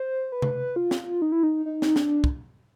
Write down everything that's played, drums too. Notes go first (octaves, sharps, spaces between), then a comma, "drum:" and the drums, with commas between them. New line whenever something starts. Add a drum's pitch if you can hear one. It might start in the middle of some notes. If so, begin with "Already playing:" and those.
Already playing: C5
B4
drum: tom C3
F4
drum: snare
D#4
E4
D#4
D#4
drum: snare
D4, drum: snare
drum: kick